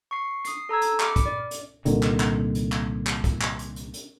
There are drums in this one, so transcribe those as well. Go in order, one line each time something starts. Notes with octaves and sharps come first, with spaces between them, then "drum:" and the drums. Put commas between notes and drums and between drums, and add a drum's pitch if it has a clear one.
C#6 C7
D#6 C7, drum: hi-hat
A4 A#5 E6 G#6
drum: hi-hat
B5 D6 F6 C#7, drum: clap
drum: kick, hi-hat
D5
drum: hi-hat
C2 A#2 D3 D#3, drum: hi-hat
drum: clap
drum: clap
drum: hi-hat
drum: clap
drum: clap
drum: kick, hi-hat
drum: clap
drum: hi-hat
drum: hi-hat
drum: hi-hat